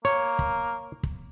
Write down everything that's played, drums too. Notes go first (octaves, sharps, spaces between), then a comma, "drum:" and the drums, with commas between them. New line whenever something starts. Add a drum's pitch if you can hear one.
A#3 C#5
drum: kick
drum: kick